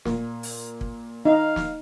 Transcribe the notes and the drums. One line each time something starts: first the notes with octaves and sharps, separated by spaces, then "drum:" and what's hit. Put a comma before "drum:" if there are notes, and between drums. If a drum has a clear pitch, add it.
A#2, drum: snare
drum: open hi-hat
drum: kick
D#4 F5
drum: snare